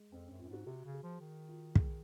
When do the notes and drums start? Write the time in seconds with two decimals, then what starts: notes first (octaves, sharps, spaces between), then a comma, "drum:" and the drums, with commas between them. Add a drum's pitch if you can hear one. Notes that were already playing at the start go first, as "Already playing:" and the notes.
Already playing: G#3
0.12 F2 C4
0.26 F#2 C#4
0.39 F#2 F4
0.49 G#2 F#4
0.66 C3 F#4
0.85 C#3
0.94 G#4
1.03 F3
1.21 D#3
1.49 F4
1.75 G#4, drum: kick